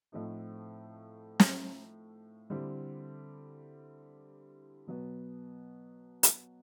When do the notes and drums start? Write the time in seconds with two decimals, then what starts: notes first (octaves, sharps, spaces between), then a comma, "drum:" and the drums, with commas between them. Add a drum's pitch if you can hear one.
0.12 A2 F3 A3 C4 D#4
1.40 drum: snare
2.50 D3 G3 C4 E4
4.87 B2 F#3 B3
6.23 drum: hi-hat